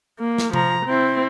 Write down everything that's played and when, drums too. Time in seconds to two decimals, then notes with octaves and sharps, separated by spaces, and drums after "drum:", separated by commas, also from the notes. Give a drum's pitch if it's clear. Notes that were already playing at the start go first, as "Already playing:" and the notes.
0.19 A#3
0.38 drum: snare
0.53 F3 A#5, drum: tom C3
0.86 C4 E4